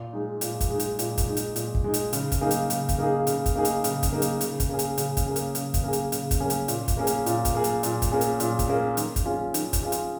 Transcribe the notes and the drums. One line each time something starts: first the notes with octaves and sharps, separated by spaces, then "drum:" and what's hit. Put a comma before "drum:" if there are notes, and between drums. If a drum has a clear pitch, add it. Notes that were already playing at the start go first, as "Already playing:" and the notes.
Already playing: A#2
G#3 D#4
A#2, drum: hi-hat
drum: kick, hi-hat
G#3 D#4
drum: hi-hat
A#2, drum: hi-hat
drum: kick, hi-hat
G#3 D#4
drum: hi-hat
A#2, drum: hi-hat
drum: kick
G#3 D#4
drum: hi-hat
C#3, drum: hi-hat
drum: kick, hi-hat
A#3 D#4 G#4
drum: hi-hat
C#3, drum: hi-hat
drum: kick, hi-hat
A#3 D#4 G#4
C#3, drum: hi-hat
drum: kick, hi-hat
A#3 D#4 G#4
drum: hi-hat
C#3, drum: hi-hat
drum: kick, hi-hat
A#3 D#4 G#4
drum: hi-hat
C#3, drum: hi-hat
drum: kick, hi-hat
A#3 C#4 G#4
drum: hi-hat
C#3, drum: hi-hat
drum: kick, hi-hat
A#3 C#4 G#4
drum: hi-hat
C#3, drum: hi-hat
drum: kick, hi-hat
A#3 C#4 G#4
drum: hi-hat
C#3, drum: hi-hat
drum: kick, hi-hat
A#3 C#4 G#4
drum: hi-hat
A#2, drum: hi-hat
drum: kick, hi-hat
A#3 C#4 G#4
drum: hi-hat
A#2, drum: hi-hat
drum: kick, hi-hat
A#3 C#4 G#4
drum: hi-hat
A#2, drum: hi-hat
drum: kick, hi-hat
A#3 C#4 G#4
drum: hi-hat
A#2, drum: hi-hat
drum: kick, hi-hat
A#3 C#4 G#4
D#3, drum: hi-hat
drum: kick, hi-hat
C#4 F4 G#4
D#3, drum: hi-hat
drum: kick, hi-hat
C#4 F4 G#4
drum: hi-hat